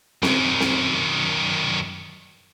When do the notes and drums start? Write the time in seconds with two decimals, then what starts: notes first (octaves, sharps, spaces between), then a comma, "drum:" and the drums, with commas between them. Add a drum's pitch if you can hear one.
0.23 F#2 D#3, drum: snare C4
0.60 drum: snare C4